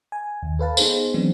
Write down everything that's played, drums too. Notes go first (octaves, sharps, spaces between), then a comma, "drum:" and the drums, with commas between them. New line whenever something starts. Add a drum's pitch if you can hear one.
G#5
D#2
A4 B4 F5 A5
B3 D#4 G#4 C5, drum: tambourine
E3 F#3 B3 C4 D4